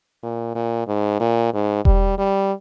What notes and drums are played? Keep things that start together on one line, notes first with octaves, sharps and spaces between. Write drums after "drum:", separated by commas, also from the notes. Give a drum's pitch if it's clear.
A#2
A#2
G#2
A#2
G#2
G3, drum: kick E1
G3